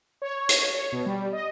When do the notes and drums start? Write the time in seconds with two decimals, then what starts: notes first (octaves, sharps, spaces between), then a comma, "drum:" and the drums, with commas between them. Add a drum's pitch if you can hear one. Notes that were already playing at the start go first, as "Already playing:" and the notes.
0.22 C#5
0.49 drum: hi-hat
0.74 C#5
0.92 B2
1.06 G3
1.33 D#5